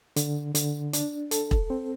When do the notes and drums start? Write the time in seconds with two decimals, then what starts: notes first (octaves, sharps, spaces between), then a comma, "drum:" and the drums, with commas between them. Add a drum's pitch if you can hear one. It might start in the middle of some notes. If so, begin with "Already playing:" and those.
0.16 D3, drum: hi-hat
0.55 D3, drum: hi-hat
0.93 D4, drum: hi-hat
1.31 A4, drum: hi-hat
1.51 drum: kick E1
1.70 C4